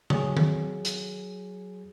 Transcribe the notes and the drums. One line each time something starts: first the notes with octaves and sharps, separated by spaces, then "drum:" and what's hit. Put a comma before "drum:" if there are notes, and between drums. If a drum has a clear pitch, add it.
F#3 G#4, drum: tom C#3
drum: tom D#3
drum: hi-hat